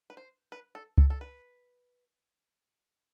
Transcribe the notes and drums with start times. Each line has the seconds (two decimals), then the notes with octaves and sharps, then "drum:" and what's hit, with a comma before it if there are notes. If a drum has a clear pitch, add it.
0.10 B4
0.17 C5
0.52 B4
0.75 A4
0.98 A4, drum: kick C#2
1.10 A4
1.21 B4